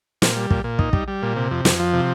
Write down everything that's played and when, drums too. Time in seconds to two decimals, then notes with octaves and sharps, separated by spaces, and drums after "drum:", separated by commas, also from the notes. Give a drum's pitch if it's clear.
0.22 A#2, drum: snare
0.36 G3
0.50 A#2, drum: kick
0.64 A#2
0.79 D#4, drum: kick
0.93 G3, drum: kick
1.08 G3
1.23 A#2
1.36 C3
1.51 F2
1.65 F2, drum: snare
1.79 F3
1.93 C3